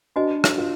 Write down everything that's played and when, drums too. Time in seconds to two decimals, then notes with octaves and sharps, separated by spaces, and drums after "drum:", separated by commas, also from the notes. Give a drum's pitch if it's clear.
0.16 D4 F#4 B4 D#5 G#5
0.44 drum: rim click
0.58 F4